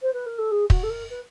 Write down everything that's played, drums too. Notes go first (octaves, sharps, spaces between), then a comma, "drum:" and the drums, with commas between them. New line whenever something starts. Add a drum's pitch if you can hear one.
C5
B4
A#4
A4
G#4
F#4, drum: kick
A4
A#4
B4